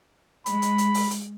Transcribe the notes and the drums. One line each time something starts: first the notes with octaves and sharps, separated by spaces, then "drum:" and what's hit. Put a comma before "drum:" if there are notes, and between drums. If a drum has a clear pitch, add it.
G#3 B5, drum: hi-hat
drum: hi-hat
drum: hi-hat
drum: open hi-hat
drum: hi-hat